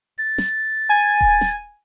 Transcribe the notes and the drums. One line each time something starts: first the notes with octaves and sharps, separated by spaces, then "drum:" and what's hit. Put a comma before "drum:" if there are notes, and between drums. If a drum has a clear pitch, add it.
A6
drum: snare
G#5
drum: kick D#1
drum: snare